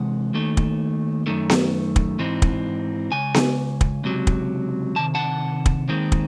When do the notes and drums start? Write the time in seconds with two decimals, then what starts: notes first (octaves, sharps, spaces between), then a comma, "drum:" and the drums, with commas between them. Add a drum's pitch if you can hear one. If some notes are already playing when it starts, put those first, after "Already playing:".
Already playing: C3 E3 G#3 F#5
0.34 D#2 D#3 A3
0.57 drum: kick
1.26 F#2 D#3 A3
1.50 drum: snare B3
1.96 drum: kick
2.19 G#2 E3 C4 D#4
2.42 drum: kick
3.11 C#2 C#3 G#5
3.34 drum: snare B3
3.81 drum: kick
4.04 C#2 C3 F#3
4.27 drum: kick
4.96 C2 C3 D#3 A5
5.15 F#5 A5
5.66 drum: kick
5.88 D#2 D#3 G#3 C4
6.12 drum: kick